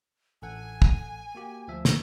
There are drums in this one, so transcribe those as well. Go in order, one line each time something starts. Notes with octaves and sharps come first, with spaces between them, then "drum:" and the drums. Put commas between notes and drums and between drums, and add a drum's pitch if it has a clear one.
A1 A4 F#5 G#5
drum: kick
A#3 F#4 G4
D2 F3 E5
drum: snare